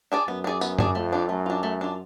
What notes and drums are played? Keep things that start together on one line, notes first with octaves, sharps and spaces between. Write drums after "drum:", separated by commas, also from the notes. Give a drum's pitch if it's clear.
D4 G#4 D5
F#2 B3
D4
G#4 D5
B3, drum: tambourine
D4 G#4 D5, drum: tom F#2
F2 A3
D4 F4
F#2 A3
D4 F4
A3
D4 F4